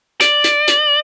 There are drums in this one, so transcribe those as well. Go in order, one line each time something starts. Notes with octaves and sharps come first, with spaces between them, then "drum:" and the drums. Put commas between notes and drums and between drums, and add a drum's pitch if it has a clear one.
D5, drum: hi-hat
drum: hi-hat
drum: hi-hat